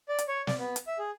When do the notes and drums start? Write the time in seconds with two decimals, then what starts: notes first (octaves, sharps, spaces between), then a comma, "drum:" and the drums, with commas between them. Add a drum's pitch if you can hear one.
0.09 D5
0.19 drum: hi-hat
0.28 C#5
0.47 D5, drum: snare
0.59 B3
0.76 drum: hi-hat
0.87 E5
0.99 G#4